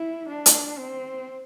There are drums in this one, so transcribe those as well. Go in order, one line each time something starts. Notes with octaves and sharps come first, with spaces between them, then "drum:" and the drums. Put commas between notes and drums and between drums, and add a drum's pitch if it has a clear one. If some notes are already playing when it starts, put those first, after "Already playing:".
Already playing: E4
D4
drum: hi-hat
C4